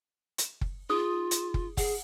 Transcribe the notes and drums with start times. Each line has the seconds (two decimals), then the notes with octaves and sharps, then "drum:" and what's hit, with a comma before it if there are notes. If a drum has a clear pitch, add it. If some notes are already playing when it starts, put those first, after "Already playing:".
0.38 drum: hi-hat
0.61 drum: kick F#1
0.90 D#4 F4 G#4 D#6
1.31 drum: hi-hat
1.54 drum: kick F#1
1.77 G#4 F#5, drum: kick F#1, open hi-hat